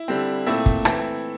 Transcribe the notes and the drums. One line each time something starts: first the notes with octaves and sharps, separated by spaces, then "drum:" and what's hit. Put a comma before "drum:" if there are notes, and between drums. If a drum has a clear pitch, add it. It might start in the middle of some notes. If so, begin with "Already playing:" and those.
Already playing: E4
D3 G3 C4
A#2 A3 C4 E4
drum: kick
E3 A3 C4 E4, drum: rim click